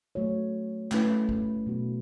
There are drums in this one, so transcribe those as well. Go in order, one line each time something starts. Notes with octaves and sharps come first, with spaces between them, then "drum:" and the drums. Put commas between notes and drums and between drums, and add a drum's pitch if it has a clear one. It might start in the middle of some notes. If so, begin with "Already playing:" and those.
F#3 A3 F#4 C#5
A3 C#4 E4 B4, drum: clap
drum: kick G#1
B2 F#3 B3 F#4